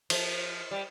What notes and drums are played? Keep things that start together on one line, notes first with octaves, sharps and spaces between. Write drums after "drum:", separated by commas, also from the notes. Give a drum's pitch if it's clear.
F3, drum: cymbal
G3